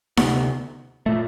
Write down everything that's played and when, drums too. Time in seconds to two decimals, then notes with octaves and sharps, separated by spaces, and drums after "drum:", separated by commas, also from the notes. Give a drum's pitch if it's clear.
0.17 D2 C3 B3, drum: snare D#4
1.06 A#2 A3